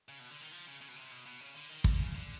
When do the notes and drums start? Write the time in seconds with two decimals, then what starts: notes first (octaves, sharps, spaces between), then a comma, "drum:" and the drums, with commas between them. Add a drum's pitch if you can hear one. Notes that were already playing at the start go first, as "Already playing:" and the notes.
0.09 C#3
0.20 B2
0.31 D3
0.41 D#3
0.52 F3
0.67 C#3
0.81 C#3
0.88 B2
0.96 C3
1.11 B2
1.26 B2
1.41 C#3
1.55 D3
1.69 D#3
1.84 D3, drum: kick
1.99 C#3
2.14 D3